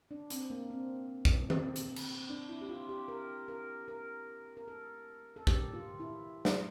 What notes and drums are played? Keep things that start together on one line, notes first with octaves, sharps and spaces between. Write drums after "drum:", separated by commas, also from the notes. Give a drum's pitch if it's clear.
D4
C4, drum: hi-hat
A#3
C4
drum: kick
C4, drum: tom D#3
drum: hi-hat
drum: cymbal
D4
E4
G4
F4
G4
A#4
A#4
A#4
A#4
A4
A4
G4, drum: kick
F4
E4
drum: snare